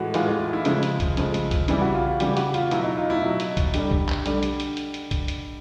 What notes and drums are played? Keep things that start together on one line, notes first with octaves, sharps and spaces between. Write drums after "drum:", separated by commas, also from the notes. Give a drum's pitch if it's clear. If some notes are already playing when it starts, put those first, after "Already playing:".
Already playing: A2 E3 G#3 F#4
A2 E3 G#3 F4, drum: hi-hat
F4
F4
E4
C#3 F3 G#3, drum: hi-hat
drum: hi-hat
drum: kick B1, hi-hat
C#3 F3 G#3, drum: hi-hat
drum: hi-hat
drum: kick B1, hi-hat
C#3 E3 G3 E4, drum: hi-hat
F#4
F4
F4
C#3 E3 G3 G4, drum: hi-hat
F#4, drum: hi-hat
F4, drum: hi-hat
B2 F#3 E4, drum: hi-hat
D#4
F4
E4
B2 F#3
drum: hi-hat
drum: kick B1, hi-hat
D3 G3 G4, drum: hi-hat
drum: kick B1
drum: clap
D3 G3, drum: hi-hat
drum: hi-hat
drum: hi-hat
drum: hi-hat
drum: hi-hat
drum: kick B1, hi-hat
drum: hi-hat